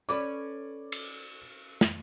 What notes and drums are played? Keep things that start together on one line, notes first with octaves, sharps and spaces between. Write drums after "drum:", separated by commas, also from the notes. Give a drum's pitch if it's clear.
C#4 A4 B4 D5 D6, drum: tambourine
drum: cymbal
drum: snare